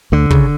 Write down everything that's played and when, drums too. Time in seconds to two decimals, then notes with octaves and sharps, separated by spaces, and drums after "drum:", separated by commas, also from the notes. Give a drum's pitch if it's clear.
0.12 D2 D3
0.30 C#3, drum: kick